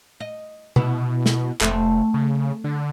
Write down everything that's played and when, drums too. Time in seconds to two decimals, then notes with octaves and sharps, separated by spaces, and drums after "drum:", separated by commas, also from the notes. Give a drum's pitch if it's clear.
0.20 D#5
0.76 B2 B3 E4, drum: tom C3
1.26 drum: snare
1.61 F1 A3 C4, drum: clap
2.14 C#3
2.64 D3